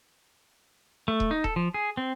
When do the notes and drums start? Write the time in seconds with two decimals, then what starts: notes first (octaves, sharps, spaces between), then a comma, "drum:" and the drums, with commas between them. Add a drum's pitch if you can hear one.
1.08 A3
1.20 drum: kick D#1
1.31 D#4
1.44 A4, drum: kick D#1
1.56 F3
1.74 G#4
1.97 C4